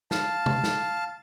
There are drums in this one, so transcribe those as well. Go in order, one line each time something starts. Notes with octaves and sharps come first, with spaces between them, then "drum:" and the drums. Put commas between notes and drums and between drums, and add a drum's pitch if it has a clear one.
F5 A5, drum: snare
drum: tom C3
drum: snare